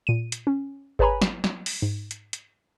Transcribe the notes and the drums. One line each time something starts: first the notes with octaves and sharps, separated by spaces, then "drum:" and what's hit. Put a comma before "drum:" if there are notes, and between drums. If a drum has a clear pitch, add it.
A#2 D#7
drum: hi-hat
C#4
G#4 B4 C#5 G#5 A#5 B5, drum: kick G1
drum: snare
drum: snare
drum: open hi-hat
G#2
drum: hi-hat
drum: hi-hat